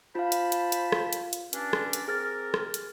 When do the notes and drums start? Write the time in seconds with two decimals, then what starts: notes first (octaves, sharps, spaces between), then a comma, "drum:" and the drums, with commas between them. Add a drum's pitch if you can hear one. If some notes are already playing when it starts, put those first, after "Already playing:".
0.15 F4 C5 F5 A5 B5
0.32 drum: hi-hat
0.52 drum: hi-hat
0.72 drum: hi-hat
0.92 drum: rim click
1.13 drum: hi-hat
1.33 drum: hi-hat
1.53 G2 C#4 D4, drum: hi-hat
1.73 drum: rim click
1.93 drum: hi-hat
2.08 C4 G#4 A#4 F6 A6
2.54 drum: rim click
2.74 drum: hi-hat